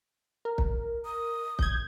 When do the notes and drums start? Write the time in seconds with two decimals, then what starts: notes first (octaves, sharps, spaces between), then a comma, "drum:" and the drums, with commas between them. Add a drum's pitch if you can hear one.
0.45 A#4
0.58 drum: kick
1.05 D#6
1.59 G6 G#6, drum: kick